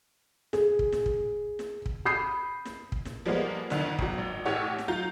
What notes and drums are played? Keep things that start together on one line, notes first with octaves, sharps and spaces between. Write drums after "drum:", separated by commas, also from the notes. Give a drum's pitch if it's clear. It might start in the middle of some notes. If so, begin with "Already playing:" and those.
G#4, drum: snare
drum: kick
drum: snare
drum: kick
drum: snare
drum: kick
B5 D#6 G6 C7
drum: snare
drum: kick
drum: snare
F3 G3 G#3 A#3 B3
F2 D3 D#3, drum: snare
G1 F#3, drum: kick
G#1
A1 A2 G4 C#5 F#5
drum: snare
F#3 F4 A#5 G6